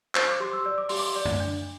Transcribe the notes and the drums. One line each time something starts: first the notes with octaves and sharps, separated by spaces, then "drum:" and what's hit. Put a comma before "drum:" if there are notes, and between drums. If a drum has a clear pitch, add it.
C5, drum: clap
D6
G4 C6
E6
D5 E6
D6
G4 C6, drum: open hi-hat
D6
D5
drum: tom
D4